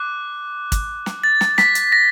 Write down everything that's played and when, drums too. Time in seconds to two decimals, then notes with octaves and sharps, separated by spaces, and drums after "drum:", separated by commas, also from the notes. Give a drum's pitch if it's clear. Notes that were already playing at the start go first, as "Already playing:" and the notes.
Already playing: D6 F#6
0.72 drum: kick, hi-hat
1.06 drum: snare
1.24 A6
1.41 drum: snare
1.58 B6, drum: snare
1.75 drum: hi-hat
1.92 A#6